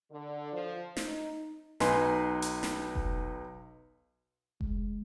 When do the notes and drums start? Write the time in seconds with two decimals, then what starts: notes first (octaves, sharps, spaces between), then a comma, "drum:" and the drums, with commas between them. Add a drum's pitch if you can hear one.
0.11 D3
0.54 F3
0.97 D#4, drum: snare
1.80 B1 D#4 B4 G#5 C6, drum: snare
2.42 drum: hi-hat
2.63 drum: snare
2.95 drum: kick F1
4.61 G#3, drum: kick F1